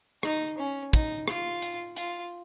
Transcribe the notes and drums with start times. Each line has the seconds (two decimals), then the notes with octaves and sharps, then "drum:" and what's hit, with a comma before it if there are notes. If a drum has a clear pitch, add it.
0.23 D#4, drum: rim click
0.58 C#4
0.93 D#4, drum: kick, hi-hat
1.28 F4, drum: rim click
1.62 drum: hi-hat
1.96 F4, drum: hi-hat